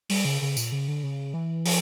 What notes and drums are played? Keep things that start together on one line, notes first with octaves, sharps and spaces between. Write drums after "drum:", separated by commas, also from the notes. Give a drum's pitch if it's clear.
G3, drum: open hi-hat
C#3
C#3
A#2, drum: tambourine
C#3
D3
C#3
E3
F3, drum: open hi-hat